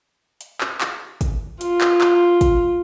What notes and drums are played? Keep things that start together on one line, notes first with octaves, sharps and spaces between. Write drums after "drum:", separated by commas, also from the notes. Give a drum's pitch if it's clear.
drum: hi-hat
drum: clap
drum: clap
drum: kick, hi-hat
F4, drum: hi-hat
drum: clap
drum: clap
drum: kick, hi-hat